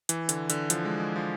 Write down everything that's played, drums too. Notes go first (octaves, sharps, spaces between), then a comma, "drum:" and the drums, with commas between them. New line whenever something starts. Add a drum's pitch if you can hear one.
E3, drum: hi-hat
D3, drum: hi-hat
D3, drum: hi-hat
F3, drum: hi-hat
G#3
G#3
F3